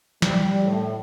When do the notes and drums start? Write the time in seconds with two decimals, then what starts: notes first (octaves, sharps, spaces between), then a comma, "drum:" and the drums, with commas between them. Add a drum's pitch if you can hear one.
0.22 G3, drum: snare
0.64 A2